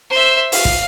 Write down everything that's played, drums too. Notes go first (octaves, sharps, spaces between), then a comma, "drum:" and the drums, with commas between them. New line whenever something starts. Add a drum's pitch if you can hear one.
C5 E5
F5, drum: open hi-hat
drum: kick